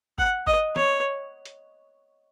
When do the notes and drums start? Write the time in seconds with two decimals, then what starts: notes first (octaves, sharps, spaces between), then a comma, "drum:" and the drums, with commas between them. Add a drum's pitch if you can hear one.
0.18 F#5, drum: kick G1
0.47 D#5, drum: kick G1
0.76 C#5, drum: snare
1.45 drum: hi-hat